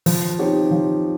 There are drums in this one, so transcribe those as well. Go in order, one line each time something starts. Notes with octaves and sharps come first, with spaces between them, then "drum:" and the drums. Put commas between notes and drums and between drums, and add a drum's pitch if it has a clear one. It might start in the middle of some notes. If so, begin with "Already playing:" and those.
F3, drum: open hi-hat
C4 D#4 G4 C#5
F3